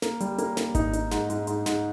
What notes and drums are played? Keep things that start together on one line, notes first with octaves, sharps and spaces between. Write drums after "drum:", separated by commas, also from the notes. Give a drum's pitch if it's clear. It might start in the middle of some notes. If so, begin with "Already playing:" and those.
A#3, drum: snare
G3, drum: hi-hat
A#3, drum: hi-hat
A#3, drum: snare
D#4, drum: kick G#1, hi-hat
D#4, drum: hi-hat
G#2, drum: snare
G#2, drum: hi-hat
G#2, drum: hi-hat
G#2, drum: snare